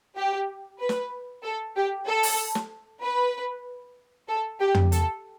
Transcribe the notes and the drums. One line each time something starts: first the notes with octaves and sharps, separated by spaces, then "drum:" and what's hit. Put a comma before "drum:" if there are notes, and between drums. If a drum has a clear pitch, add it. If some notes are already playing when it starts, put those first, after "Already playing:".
G4
B4
drum: snare
A4
G4
A4
drum: open hi-hat
drum: snare
B4
A4
G4
drum: tom
A4, drum: hi-hat